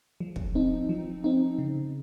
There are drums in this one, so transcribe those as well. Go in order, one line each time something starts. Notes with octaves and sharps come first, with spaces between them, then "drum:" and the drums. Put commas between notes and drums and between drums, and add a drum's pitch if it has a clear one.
F3
drum: kick
C4 D#4
F3
C4 D#4
C#3